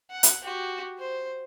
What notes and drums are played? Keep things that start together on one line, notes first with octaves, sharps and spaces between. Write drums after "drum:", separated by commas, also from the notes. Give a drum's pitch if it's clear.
F#5
drum: hi-hat
F#4 G4
C5